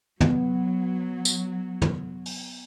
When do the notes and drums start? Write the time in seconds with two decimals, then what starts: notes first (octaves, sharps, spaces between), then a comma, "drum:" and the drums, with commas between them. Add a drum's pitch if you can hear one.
0.20 F#3 B3, drum: tom
1.25 drum: tambourine
1.82 drum: tom
2.26 drum: open hi-hat